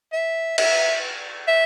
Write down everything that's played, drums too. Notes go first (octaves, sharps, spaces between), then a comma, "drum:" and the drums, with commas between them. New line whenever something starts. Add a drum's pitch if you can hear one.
E5
E5, drum: cymbal
E5